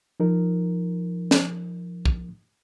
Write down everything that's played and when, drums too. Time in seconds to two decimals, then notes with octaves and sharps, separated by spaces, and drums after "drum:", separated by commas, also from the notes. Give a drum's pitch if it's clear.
0.20 F3 D#4 A#4
1.31 drum: snare
2.05 drum: kick